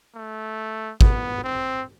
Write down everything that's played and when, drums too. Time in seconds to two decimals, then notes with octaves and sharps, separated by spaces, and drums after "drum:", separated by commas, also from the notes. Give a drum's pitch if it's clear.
0.15 A3
1.01 B3, drum: kick
1.44 C4